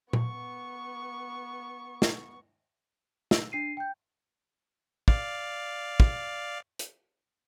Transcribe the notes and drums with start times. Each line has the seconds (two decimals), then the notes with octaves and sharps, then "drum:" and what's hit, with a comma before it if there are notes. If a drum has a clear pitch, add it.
0.13 B3 C#6, drum: tom A#2
2.02 drum: snare
3.31 E6, drum: snare
3.52 D4 C7 D#7
3.77 G5 G6
5.08 D5 F5, drum: kick
6.00 drum: kick
6.79 drum: hi-hat